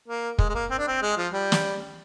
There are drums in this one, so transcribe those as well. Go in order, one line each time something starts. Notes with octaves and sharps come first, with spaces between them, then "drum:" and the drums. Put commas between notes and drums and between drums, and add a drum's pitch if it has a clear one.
A#3
G#3, drum: kick
G#3
A#3
C4
D4
C4
G#3
F3
G3
drum: snare